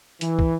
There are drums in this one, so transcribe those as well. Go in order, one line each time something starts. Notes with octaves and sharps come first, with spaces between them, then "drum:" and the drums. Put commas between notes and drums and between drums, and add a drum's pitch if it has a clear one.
E3, drum: hi-hat
drum: kick